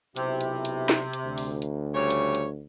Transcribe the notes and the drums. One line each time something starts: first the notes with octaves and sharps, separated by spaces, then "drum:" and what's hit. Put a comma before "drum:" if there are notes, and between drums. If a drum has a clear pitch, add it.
B1 C3 E4 G4, drum: hi-hat
drum: hi-hat
drum: hi-hat
drum: snare
drum: hi-hat
D2
drum: open hi-hat
drum: hi-hat
C#3 G3 C#5
drum: hi-hat
drum: hi-hat